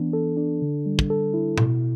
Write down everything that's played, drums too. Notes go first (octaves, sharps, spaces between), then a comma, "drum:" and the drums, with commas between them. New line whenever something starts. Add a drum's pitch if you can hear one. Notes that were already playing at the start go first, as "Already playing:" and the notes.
Already playing: E3 B3 D4
A4
D4
D3
G3
drum: kick
A4
E4
B2, drum: tom A2